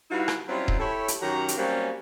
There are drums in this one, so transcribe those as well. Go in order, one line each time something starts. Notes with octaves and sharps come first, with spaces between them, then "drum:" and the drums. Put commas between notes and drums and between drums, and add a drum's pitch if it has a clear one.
G3 D#4 E4 F#4 B4 F5
drum: rim click
F#3 G3 C4 C#4 E4 F4
drum: kick D#1
E4 G4 A4 C#5
drum: hi-hat
F#2 D#3 F#3 G4 F#5 A#5
drum: hi-hat
F#3 G3 A#3 C4 C#4